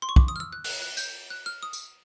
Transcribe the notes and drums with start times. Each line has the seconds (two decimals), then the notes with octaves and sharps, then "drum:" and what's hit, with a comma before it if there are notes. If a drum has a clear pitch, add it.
0.02 C6
0.09 C#6
0.16 D6, drum: kick
0.28 D#6
0.36 F6
0.40 E6
0.53 F#6
0.64 F#6, drum: open hi-hat
0.82 F#6
0.97 G6, drum: tambourine
1.30 F#6
1.46 F6
1.63 D#6
1.73 drum: tambourine